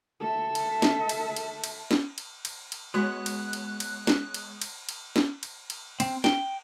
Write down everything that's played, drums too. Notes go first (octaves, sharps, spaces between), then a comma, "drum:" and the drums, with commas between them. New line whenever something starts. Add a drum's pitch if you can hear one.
A4 E5
drum: cymbal
drum: snare
drum: cymbal
drum: cymbal
drum: cymbal
drum: snare
drum: cymbal
drum: cymbal
drum: cymbal
G#3 B3 F#4 C#5 F#6
drum: cymbal
drum: cymbal
drum: cymbal
drum: snare
drum: cymbal
drum: cymbal
drum: cymbal
drum: snare
drum: cymbal
drum: cymbal
C4, drum: cymbal
G5, drum: snare